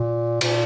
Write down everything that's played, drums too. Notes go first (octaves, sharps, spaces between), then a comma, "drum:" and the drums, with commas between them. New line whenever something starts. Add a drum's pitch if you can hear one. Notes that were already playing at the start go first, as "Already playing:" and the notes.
Already playing: A#2
A#2, drum: cymbal